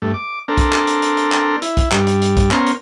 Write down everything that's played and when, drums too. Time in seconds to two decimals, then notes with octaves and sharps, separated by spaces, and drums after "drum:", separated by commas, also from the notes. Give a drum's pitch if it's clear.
0.02 G2 A3
0.14 D6
0.48 C4 D4 A4 A#4
0.57 drum: kick, hi-hat
0.72 drum: clap
0.87 drum: hi-hat
1.02 drum: hi-hat
1.17 drum: hi-hat
1.32 drum: clap
1.62 E4, drum: hi-hat
1.77 drum: kick, hi-hat
1.92 G2 G3, drum: clap
2.07 drum: hi-hat
2.22 drum: hi-hat
2.37 drum: kick, hi-hat
2.51 B3 C#4 A#4 C5, drum: clap
2.67 drum: hi-hat